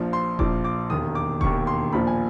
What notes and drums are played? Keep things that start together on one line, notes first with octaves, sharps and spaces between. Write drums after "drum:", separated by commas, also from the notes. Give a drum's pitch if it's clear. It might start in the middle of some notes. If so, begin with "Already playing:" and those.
Already playing: A#1 A#2 F3
C6
A#1 A#2 F3 D6, drum: kick E1
D6
E1 D#2 D#3 D#6
D6
E1 D#2 D#3 C#6, drum: kick E1
C6
A#1 A#2 F3 B5
G#5